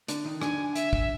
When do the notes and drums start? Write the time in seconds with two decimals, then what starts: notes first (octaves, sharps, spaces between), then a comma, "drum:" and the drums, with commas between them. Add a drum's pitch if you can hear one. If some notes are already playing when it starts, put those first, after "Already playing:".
0.08 D3 D4, drum: hi-hat
0.25 D#3 D#4
0.42 D3 D4 G#5, drum: rim click
0.76 E5, drum: hi-hat
0.93 drum: kick